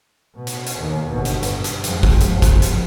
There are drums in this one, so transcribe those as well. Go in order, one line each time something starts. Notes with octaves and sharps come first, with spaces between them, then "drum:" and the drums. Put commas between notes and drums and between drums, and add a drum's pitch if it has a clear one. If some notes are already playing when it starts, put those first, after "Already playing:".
B2
drum: hi-hat
drum: hi-hat
D#2
G1 B2
drum: hi-hat
G2, drum: hi-hat
drum: hi-hat
F2 G#3, drum: hi-hat
drum: kick, open hi-hat
F3, drum: hi-hat
drum: kick, hi-hat
drum: hi-hat